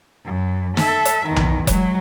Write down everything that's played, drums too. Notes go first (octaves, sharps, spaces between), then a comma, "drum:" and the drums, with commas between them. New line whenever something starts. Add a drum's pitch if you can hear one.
F#2
A4 E5, drum: snare
drum: hi-hat
E2 D#3
drum: tom B1
F#3 G#3, drum: kick F1, hi-hat